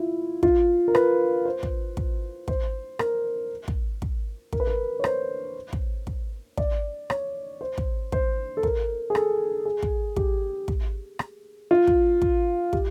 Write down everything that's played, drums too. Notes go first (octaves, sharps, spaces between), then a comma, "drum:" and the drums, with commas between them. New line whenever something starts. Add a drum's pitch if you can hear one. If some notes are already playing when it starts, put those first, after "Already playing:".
Already playing: E4 F4
F4, drum: kick
A#4
B4, drum: rim click
C5
drum: kick
drum: kick
C5, drum: kick
A#4, drum: rim click
drum: kick
drum: kick
A#4, drum: kick
B4
A#4
C#5
C5, drum: rim click
drum: kick
drum: kick
D5, drum: kick
C#5, drum: rim click
C5
drum: kick
C5, drum: kick
A4
A#4, drum: kick
G#4
A4, drum: rim click
G#4
drum: kick
G4, drum: kick
drum: kick
drum: rim click
F4
drum: kick
drum: kick
G4, drum: kick